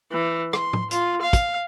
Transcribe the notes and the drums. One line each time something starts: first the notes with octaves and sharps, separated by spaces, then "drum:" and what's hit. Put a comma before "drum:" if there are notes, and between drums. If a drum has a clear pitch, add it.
E3
C6, drum: rim click
drum: tom
F4, drum: hi-hat
F5
drum: kick, hi-hat